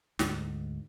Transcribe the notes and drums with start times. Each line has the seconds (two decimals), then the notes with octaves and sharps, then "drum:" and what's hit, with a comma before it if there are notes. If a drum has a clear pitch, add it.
0.19 D2 G#2, drum: snare